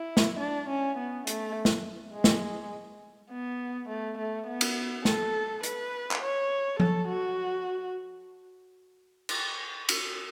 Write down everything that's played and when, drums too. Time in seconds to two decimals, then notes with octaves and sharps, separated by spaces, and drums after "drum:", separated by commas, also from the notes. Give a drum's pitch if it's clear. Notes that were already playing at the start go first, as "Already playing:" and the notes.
Already playing: E4
0.17 drum: snare
0.40 D4
0.69 C#4
0.98 B3
1.27 A3, drum: hi-hat
1.65 drum: snare
2.14 G#3
2.24 drum: snare
3.31 B3
3.89 A3
4.18 A3
4.47 B3
4.61 drum: cymbal
5.05 A4, drum: snare
5.63 B4, drum: hi-hat
6.11 drum: clap
6.22 C#5
6.80 A4, drum: tom F3
7.09 F#4
9.29 drum: cymbal
9.89 drum: cymbal